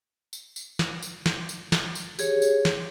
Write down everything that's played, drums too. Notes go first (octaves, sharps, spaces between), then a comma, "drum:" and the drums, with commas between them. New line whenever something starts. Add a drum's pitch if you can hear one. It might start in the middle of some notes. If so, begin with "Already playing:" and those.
drum: tambourine
drum: tambourine
drum: snare
drum: tambourine
drum: snare
drum: tambourine
drum: snare
drum: tambourine
G4 G#4 C#5, drum: tambourine
drum: tambourine
drum: snare